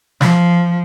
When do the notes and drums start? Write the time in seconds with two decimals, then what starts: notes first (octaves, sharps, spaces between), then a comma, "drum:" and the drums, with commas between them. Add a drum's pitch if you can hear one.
0.21 F3, drum: snare